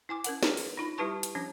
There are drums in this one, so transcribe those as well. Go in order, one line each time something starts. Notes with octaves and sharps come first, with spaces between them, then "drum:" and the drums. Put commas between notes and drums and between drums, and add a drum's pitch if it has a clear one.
E4 G#5 D6
C#4 A#4 F#5, drum: hi-hat
D4 G#4 B4 C#5, drum: snare
drum: open hi-hat
D#4 F4 B5
G3 E4 G4 B4 A5 C#6
drum: hi-hat
F3 C#4 D4